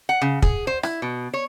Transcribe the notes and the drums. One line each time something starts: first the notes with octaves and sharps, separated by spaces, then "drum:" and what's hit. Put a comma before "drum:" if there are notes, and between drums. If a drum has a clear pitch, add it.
F#5
C#3
G#4, drum: kick
C5
E4, drum: rim click
B2
C#5